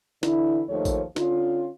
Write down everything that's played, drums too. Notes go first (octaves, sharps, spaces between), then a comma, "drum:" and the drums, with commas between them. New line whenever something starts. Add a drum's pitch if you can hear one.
D3 E3 E4, drum: snare
D#2 D#3 F3 A3 C#5
drum: kick A1, tambourine
D3 C#4 F4, drum: snare